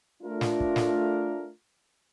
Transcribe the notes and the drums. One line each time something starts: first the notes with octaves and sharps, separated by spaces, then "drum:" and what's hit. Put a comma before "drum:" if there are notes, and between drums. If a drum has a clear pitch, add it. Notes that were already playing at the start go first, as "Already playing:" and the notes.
A3 D4 F4 A#4
drum: snare
drum: kick
drum: snare